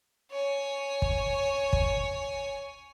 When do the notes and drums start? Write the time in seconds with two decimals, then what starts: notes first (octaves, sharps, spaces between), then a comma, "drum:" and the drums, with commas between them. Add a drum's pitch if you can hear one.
0.31 C#5 G#5
1.02 drum: kick
1.73 drum: kick